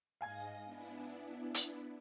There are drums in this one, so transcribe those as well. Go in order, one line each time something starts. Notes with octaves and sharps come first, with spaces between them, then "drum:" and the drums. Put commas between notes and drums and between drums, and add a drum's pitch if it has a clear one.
G#2 D#5 F5 G#5 G#6 A#6
B3 D4 E4
drum: hi-hat